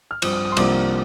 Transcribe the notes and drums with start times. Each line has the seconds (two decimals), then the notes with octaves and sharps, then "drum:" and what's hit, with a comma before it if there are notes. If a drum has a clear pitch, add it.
0.11 F6
0.22 G2 F3 C4 D#6, drum: cymbal
0.33 D#6
0.45 D#6
0.52 C6
0.57 C2 C3 F3 A#3 D4 D6, drum: cymbal